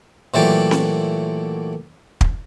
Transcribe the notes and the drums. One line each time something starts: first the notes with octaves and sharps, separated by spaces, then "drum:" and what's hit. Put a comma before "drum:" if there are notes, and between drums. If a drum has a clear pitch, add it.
A#2 E3 F#3 A3 G4 D5
drum: snare C4
drum: kick